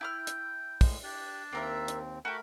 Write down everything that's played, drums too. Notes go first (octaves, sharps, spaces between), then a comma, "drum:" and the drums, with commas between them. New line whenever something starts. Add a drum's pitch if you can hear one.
E4 G5 D6 F6
drum: hi-hat
A2 G#3, drum: kick, open hi-hat
D4 G4 F#6
D#2 A#3 C4 A#4 E5
drum: hi-hat
A3 F#4 G4 A#4 B5